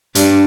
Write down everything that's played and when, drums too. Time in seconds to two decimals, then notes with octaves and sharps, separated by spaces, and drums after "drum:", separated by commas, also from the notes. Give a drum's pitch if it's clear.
0.15 G2, drum: hi-hat